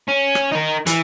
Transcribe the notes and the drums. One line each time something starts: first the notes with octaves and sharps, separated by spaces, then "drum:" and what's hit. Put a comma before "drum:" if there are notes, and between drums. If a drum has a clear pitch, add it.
C#4
drum: rim click
D#4 A#4
E3, drum: hi-hat